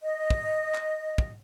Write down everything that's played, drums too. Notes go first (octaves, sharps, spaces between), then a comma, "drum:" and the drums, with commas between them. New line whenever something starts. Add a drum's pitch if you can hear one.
D#5
drum: kick
drum: clap
drum: kick